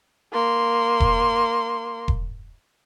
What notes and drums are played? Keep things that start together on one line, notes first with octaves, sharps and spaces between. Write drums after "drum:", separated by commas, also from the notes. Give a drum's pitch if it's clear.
A#3 C6
drum: kick E1
drum: kick E1